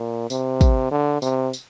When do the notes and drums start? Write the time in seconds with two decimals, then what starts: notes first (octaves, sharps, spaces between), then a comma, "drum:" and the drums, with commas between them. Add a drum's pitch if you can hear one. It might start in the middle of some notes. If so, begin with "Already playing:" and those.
Already playing: A#2
0.30 C3, drum: tambourine
0.61 drum: kick, tambourine
0.91 D3
1.22 C3, drum: tambourine
1.53 drum: tambourine